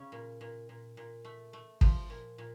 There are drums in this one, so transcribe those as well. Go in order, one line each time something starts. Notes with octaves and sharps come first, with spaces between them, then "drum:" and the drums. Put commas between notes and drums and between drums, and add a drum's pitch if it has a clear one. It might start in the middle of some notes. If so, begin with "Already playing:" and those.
Already playing: C#3 C#4
A#2
A#2
A#2
A#2
A3
A3
F3, drum: kick
A#2
A#2